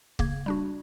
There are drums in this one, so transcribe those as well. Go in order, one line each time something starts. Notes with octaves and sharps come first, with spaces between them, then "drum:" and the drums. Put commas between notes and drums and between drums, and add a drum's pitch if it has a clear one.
C#3 A#3 G#6, drum: kick
G3 D4 F#4